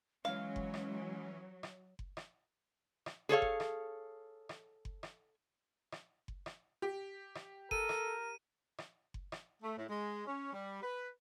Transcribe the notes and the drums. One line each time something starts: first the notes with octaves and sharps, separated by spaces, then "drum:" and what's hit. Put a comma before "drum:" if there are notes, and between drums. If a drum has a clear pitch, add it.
E3 F#3 G#3 C#4 F5
drum: kick F#1
drum: rim click
drum: rim click
drum: kick F#1
drum: rim click
drum: rim click
G#4 A4 C#5 F5
drum: kick F#1
drum: rim click
drum: rim click
drum: kick F#1
drum: rim click
drum: rim click
drum: kick F#1
drum: rim click
G4
drum: rim click
A4 A#4 D#7, drum: kick F#1
drum: rim click
drum: rim click
drum: kick F#1
drum: rim click
A3
A2
G#3
C#4
G3
B4